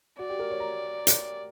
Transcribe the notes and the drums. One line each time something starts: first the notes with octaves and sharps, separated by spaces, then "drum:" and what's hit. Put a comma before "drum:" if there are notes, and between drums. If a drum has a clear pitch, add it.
F#4 D5
G4
A#4
C#5
A#5
drum: hi-hat